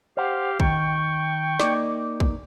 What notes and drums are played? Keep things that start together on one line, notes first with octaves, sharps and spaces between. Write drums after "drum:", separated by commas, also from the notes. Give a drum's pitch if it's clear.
G4 C5 F5 F#5
D#3 G5 C#6, drum: kick
A#3 D#4 D5, drum: snare
drum: kick